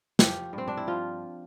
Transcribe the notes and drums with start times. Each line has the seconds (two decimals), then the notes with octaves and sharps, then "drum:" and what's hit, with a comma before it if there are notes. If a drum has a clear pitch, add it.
0.19 F3 G4, drum: snare
0.53 G2
0.58 C4
0.68 D4
0.77 E4
0.87 F3 F4